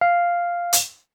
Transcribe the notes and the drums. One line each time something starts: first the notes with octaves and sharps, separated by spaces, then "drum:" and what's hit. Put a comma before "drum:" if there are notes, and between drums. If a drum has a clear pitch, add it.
F5
drum: hi-hat